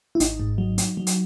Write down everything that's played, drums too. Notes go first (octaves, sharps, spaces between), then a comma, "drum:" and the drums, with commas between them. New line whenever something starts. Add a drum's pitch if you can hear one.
E4
G#1 D#4, drum: hi-hat
G#2
F#3
F#3, drum: hi-hat
F#3
drum: hi-hat